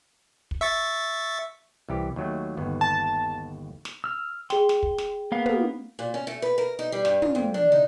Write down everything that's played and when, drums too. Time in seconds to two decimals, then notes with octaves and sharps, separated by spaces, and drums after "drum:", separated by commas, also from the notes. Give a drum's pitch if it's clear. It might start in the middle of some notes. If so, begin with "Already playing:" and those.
0.51 drum: kick
0.61 E5 C#6 A6
1.89 C2 E3 G4
2.16 D#2 F#3 A3
2.57 G1 D#2 B3
2.81 A5
3.85 drum: snare
4.04 E6 F6
4.50 G#4 G5 C6, drum: snare
4.69 drum: snare
4.83 drum: kick
4.98 drum: snare
5.32 A#3 B3 F5
5.46 drum: tom
5.99 A#2
6.14 C#4
6.27 A3
6.42 B4
6.58 A#4
6.79 D#4
6.92 G3
7.05 G2, drum: snare
7.22 F4, drum: tom
7.35 F2
7.54 D4
7.72 D#4